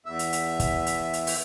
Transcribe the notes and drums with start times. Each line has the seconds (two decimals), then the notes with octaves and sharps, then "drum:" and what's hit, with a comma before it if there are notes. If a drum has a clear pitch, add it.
0.06 E2 E5
0.19 drum: hi-hat
0.33 drum: hi-hat
0.60 drum: kick, hi-hat
0.86 drum: hi-hat
1.13 drum: hi-hat
1.27 drum: open hi-hat